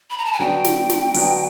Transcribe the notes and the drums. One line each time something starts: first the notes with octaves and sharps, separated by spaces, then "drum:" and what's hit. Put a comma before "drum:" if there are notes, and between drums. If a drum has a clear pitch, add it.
B5
A#5
A5
G#5
D3 F#3 B3 D4 F#4 G5
drum: snare
drum: snare
D3 F#3 B3 D4 F#4, drum: open hi-hat